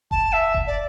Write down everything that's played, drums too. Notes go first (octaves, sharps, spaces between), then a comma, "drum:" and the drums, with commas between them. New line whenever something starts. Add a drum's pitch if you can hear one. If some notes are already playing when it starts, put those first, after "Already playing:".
A5, drum: kick F1
E5
drum: kick F1
D5